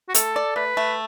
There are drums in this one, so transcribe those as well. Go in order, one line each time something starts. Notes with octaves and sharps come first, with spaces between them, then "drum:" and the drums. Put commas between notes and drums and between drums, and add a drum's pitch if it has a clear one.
F#4
A3 A4, drum: hi-hat
D5
A3 B4
A3